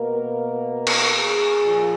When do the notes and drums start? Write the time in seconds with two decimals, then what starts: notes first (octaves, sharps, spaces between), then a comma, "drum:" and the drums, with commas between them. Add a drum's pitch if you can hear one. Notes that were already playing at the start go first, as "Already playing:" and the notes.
Already playing: B2 A#3 A#4
0.68 A#4
0.87 drum: cymbal
1.17 G#4
1.64 A#2 F3